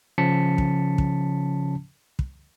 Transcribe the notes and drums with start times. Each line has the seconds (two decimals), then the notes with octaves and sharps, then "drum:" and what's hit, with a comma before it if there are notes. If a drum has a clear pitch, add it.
0.18 C#3 F3 C#4 A5 B6 C#7
0.58 drum: kick
0.98 drum: kick
2.19 drum: kick